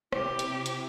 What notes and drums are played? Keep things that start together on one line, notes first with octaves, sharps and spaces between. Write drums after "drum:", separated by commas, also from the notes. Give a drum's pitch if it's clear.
C3 E4 G4, drum: rim click
drum: hi-hat
drum: hi-hat